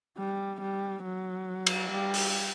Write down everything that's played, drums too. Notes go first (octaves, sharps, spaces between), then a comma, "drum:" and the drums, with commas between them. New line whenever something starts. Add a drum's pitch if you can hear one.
G3
G3
F#3
drum: cymbal
G3
drum: open hi-hat